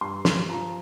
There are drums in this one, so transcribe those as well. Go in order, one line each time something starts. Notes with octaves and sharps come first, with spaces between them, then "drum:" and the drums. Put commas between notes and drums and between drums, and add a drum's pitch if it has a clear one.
G2 C6
C6, drum: snare
F3 A#5